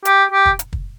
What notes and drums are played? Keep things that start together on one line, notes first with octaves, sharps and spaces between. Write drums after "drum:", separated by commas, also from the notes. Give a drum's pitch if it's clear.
G4, drum: hi-hat
G4
drum: kick
drum: hi-hat
drum: kick